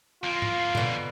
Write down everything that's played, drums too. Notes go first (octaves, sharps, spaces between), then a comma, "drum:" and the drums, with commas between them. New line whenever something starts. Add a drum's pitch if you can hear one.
F2 A#3 F4
drum: tom G#2
B2 D3, drum: tom G#2